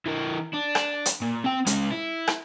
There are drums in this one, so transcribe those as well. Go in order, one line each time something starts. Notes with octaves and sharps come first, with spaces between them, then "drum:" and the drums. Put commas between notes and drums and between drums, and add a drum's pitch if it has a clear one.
E3 A#4
D4
drum: rim click
drum: hi-hat
A#2
C4 G5
G#3 C#4, drum: hi-hat
E4
drum: rim click